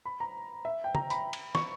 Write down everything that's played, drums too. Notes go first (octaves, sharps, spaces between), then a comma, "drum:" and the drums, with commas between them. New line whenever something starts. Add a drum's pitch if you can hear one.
B5
A#5
E5
G5
A#5, drum: tom
B5, drum: hi-hat
drum: cymbal
C#6, drum: snare